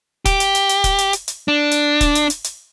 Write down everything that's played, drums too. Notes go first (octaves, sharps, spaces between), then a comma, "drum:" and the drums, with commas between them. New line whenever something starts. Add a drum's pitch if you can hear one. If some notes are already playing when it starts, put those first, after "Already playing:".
G4, drum: kick, hi-hat
drum: hi-hat
drum: hi-hat
drum: hi-hat
drum: kick, hi-hat
drum: hi-hat
drum: hi-hat
drum: hi-hat
D4
drum: hi-hat
drum: kick, hi-hat
drum: hi-hat
drum: hi-hat
drum: hi-hat